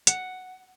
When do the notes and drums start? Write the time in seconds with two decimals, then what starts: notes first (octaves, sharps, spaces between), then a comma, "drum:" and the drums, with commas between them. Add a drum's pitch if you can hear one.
0.07 F#5, drum: hi-hat